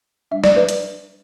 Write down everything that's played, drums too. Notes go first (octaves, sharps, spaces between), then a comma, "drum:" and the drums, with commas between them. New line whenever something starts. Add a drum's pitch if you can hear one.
G3 D4 E5
D5, drum: snare
B4
drum: hi-hat